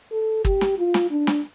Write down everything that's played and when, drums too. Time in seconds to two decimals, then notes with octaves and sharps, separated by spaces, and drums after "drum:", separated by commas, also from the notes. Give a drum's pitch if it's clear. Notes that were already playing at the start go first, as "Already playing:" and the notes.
0.12 A4
0.45 G4, drum: kick
0.61 drum: snare
0.78 F4
0.94 drum: snare
1.11 D4
1.27 drum: snare